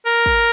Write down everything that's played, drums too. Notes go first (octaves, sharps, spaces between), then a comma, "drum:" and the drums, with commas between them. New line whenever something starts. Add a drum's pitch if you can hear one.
A#4
drum: kick